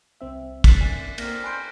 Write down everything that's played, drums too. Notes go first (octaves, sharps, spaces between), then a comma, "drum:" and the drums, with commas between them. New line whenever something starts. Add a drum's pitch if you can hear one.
C2 C4 E5
B6, drum: kick, cymbal
D5 G#5 A6
A#3 C4 A#4 D5 F6 A#6, drum: cymbal
G#5 B5 C6 F#6 G6 D7